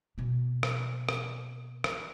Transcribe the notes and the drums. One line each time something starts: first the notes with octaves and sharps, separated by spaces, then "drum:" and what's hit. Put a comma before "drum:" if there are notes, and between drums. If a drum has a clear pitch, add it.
B2 A#3
drum: rim click
drum: rim click
drum: rim click